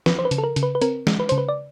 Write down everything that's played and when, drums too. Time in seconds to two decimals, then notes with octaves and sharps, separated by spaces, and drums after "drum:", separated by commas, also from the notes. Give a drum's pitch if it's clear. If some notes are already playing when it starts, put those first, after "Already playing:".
0.06 F3 B4, drum: snare
0.19 C5
0.25 B4
0.31 C#3, drum: hi-hat
0.38 A4
0.44 A#4
0.56 C#3, drum: hi-hat
0.63 B4
0.75 B4
0.82 C4 A#4, drum: hi-hat
1.07 G#3, drum: snare
1.20 B4
1.29 C#3 C5, drum: hi-hat
1.38 B4
1.49 D5